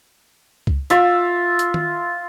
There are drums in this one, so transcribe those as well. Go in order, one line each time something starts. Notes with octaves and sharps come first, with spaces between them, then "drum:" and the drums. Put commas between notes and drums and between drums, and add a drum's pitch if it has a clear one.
drum: kick C#2
F4 E5, drum: hi-hat
drum: hi-hat
drum: tom D#3